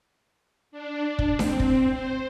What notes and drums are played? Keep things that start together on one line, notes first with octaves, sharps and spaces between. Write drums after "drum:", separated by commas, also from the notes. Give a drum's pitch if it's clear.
D4
drum: kick
C4, drum: snare D4
drum: kick
C5